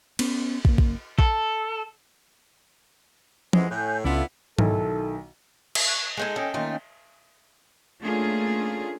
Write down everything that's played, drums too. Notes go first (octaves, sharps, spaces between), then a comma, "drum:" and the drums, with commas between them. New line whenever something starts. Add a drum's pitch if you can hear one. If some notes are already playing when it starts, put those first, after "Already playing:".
B3 C#4, drum: cymbal
F#1 A#3, drum: kick
drum: kick
A4, drum: kick
F2 E3 G#3 C5 F#5, drum: tom F3
A2 G#5 F#6 G6
C#2 B3 C#4 D4 E4 F4 A4 E5
B1 D#3 E4 A4, drum: tom G#2
drum: cymbal
C#6 F#6 G#6
G#3 D#4 A4 G#5 G#6
C#4 A4 D#5 G5
D#3 A3 A#3 D#4 F4
A3 A#3 C#4 D4 F4 G#4